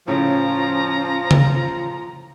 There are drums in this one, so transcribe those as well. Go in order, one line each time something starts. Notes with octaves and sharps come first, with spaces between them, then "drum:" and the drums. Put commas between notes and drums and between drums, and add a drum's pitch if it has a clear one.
A2 C#3 F3 C#4 A#5
drum: tom C#3